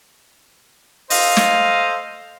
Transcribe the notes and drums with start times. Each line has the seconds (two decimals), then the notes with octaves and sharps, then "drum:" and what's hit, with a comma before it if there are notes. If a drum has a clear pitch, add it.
1.10 A4 C5 D#5 F5, drum: open hi-hat
1.37 drum: snare